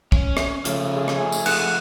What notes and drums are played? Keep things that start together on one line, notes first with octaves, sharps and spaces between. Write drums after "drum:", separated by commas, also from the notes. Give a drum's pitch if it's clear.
C#4, drum: kick
drum: rim click
C#3 F3 A3, drum: hi-hat
G#4
drum: rim click
drum: tambourine
F#5, drum: cymbal